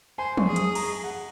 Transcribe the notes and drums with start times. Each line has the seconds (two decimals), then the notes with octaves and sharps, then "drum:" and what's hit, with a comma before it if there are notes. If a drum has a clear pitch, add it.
0.18 C5 G#5
0.37 C#6, drum: tom
0.46 G#4
0.56 D#6, drum: hi-hat
0.75 A#5, drum: cymbal
1.04 F#5